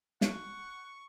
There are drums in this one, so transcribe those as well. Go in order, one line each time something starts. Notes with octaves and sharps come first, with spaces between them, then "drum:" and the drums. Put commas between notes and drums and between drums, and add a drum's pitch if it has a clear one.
F#5 C#6, drum: snare